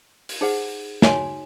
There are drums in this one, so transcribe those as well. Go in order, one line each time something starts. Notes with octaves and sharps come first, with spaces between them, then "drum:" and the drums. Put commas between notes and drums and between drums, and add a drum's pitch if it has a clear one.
drum: open hi-hat
D#4 G#4 C5 F#5
D#4 F#4 C#5 G#5 C6, drum: snare